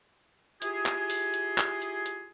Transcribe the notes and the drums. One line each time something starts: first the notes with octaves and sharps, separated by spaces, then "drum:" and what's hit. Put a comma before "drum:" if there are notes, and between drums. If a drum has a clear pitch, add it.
E4 F4 G4 G#4, drum: hi-hat
drum: clap
drum: open hi-hat
drum: hi-hat
drum: clap
drum: hi-hat
drum: hi-hat